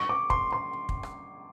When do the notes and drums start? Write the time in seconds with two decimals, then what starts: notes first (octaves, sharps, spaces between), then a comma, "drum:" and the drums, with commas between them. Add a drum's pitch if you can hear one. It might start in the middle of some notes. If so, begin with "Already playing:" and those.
Already playing: C#6
0.09 D6
0.30 C6, drum: kick
0.52 C6
0.89 drum: kick
1.03 drum: rim click